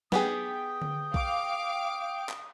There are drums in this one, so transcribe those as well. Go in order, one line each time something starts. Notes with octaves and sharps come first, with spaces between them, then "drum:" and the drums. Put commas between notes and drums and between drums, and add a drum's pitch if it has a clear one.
B3 G4 G#4 G5 D#6, drum: snare
drum: tom D3
F5 D6, drum: kick B1
drum: clap